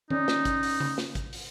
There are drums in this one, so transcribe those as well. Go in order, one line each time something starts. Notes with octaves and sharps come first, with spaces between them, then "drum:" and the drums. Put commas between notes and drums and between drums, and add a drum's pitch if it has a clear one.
C#4 D#4 D5, drum: tom D#3
drum: snare
drum: kick, hi-hat
drum: open hi-hat
drum: tom C#3
drum: snare
drum: kick, hi-hat
drum: open hi-hat